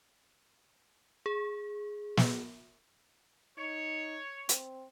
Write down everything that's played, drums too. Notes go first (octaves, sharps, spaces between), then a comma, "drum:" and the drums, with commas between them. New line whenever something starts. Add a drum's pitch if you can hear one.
G#4
drum: snare
D#4 C#5
C4, drum: hi-hat